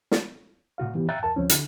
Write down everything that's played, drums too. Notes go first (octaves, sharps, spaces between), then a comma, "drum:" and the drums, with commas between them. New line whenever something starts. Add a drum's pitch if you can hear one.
drum: snare
A2 C3 F#4 F5
D#3 E3 B3 G4
E5 F5 G5 A#5 F#6 A6
E2 A#4 A5
D2 F3 C4 C#4
D3, drum: hi-hat